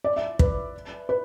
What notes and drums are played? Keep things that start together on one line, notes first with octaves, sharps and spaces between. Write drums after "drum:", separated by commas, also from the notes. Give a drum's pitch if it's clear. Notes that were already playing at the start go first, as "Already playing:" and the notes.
D5
E5
B4, drum: kick
B4